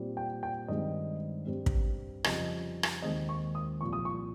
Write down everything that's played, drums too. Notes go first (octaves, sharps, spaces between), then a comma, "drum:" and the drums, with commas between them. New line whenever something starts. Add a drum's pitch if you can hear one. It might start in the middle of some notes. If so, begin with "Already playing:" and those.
Already playing: A#2 G3 C4
G5
G5
G2 D#3 G#3 C4 D#5
G2 G3 C4
drum: kick
F2 C#3 G3 C4 D#5, drum: rim click
drum: rim click
D#2 D#3 G#3 C4 D#5
C#6
D#6
C2 A#2 F3 C#6
D#6
C#6